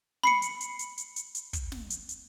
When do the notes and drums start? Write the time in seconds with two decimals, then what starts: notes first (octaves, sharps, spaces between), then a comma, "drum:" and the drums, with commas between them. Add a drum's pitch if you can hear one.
0.23 B5 C7 C#7, drum: snare
0.42 drum: hi-hat
0.61 drum: hi-hat
0.79 drum: hi-hat
0.98 drum: hi-hat
1.16 drum: hi-hat
1.35 drum: hi-hat
1.53 drum: kick, hi-hat
1.72 drum: snare
1.90 drum: hi-hat
2.09 drum: hi-hat